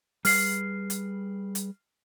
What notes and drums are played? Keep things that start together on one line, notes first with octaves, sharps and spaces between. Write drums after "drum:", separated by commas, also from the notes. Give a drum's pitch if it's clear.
G3 G#4 B4 F6 C7, drum: open hi-hat
drum: hi-hat
drum: hi-hat